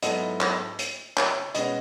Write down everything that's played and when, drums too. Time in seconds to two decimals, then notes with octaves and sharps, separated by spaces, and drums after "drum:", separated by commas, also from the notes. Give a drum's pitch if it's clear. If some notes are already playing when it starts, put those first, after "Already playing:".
0.02 G#2 F#3 B3 E4 A4 D#5, drum: hi-hat
0.41 drum: clap
0.79 drum: hi-hat
1.17 C#5, drum: clap
1.55 B2 G#3 C#4 F#4 B4 D#5, drum: hi-hat